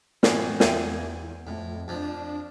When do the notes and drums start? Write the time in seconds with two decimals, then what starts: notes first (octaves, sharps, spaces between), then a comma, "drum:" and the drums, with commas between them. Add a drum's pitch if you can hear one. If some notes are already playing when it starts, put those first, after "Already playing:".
0.23 F#2 A2 E3 B3, drum: snare
0.60 E2 E5 G5 G#5, drum: snare
1.47 F2 A2
1.88 F2 F3 D4